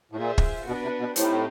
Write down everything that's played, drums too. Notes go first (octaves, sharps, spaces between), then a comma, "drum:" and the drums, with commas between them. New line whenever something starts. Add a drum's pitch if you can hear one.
A2
A#2 F4 G#4 C5 E5
drum: kick
B2 B3 D4 F#4 B4
C3
B2
A2 C4 D#4 G4 C5, drum: hi-hat